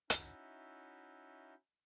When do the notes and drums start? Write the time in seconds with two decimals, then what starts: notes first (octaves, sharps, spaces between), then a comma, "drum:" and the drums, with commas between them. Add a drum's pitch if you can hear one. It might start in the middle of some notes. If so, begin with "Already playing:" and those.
0.10 C#4 D#4 E4 F#4 E5 G6, drum: hi-hat